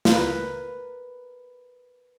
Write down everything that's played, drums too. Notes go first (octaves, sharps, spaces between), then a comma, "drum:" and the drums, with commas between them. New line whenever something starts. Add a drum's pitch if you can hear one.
A#4 B4, drum: snare